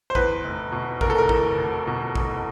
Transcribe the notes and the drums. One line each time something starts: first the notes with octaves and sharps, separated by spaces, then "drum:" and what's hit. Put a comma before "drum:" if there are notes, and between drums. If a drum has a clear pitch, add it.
C5
E2 B4, drum: kick
F1
B2
F1 A#4, drum: kick
A4
A#4
E2, drum: kick
F1
B2
F1, drum: kick